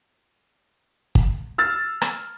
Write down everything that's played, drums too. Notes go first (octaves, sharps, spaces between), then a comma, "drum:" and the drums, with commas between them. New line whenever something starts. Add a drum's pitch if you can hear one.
drum: kick
E6 F6 A6
drum: rim click